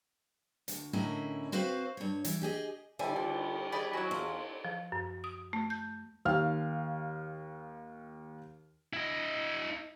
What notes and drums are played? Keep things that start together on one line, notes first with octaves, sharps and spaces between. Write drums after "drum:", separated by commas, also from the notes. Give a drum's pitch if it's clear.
D2, drum: hi-hat
A2 D3 C#4 E4 A#4 D#5
C4 F#4 B4 C5 F5
G2 C#5
E3, drum: hi-hat
G4 G#4 D#5
D3 G3 E5 G#5, drum: cymbal
D3 F4
G#4 D5 D#5 G#5 B5
F#3 E4 F#4 G#5
E2 F4 G#4
F3
F#2
D#6
A3
G6
D#2 F5 F6
E4 D#5